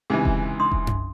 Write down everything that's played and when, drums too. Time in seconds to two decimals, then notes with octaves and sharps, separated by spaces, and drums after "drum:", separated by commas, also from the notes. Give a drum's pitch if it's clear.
0.10 C#2 C3 E3 D#4 G#4
0.25 drum: kick E1
0.60 D4 C6 D#6
0.72 drum: kick E1
0.87 drum: tom F#2